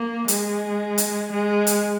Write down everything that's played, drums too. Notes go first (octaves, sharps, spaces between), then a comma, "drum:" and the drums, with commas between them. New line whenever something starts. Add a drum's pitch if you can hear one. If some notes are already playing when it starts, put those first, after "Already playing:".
Already playing: A#3
G#3, drum: hi-hat
drum: hi-hat
G#3
drum: hi-hat